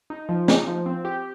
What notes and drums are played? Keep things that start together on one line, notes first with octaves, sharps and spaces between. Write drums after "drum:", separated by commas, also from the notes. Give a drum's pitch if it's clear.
D#4
F3
D#4, drum: snare
F3
C4
G4